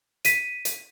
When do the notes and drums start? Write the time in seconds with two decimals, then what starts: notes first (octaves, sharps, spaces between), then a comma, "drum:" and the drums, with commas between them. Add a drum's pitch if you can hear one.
0.25 B6 D#7, drum: hi-hat
0.65 drum: hi-hat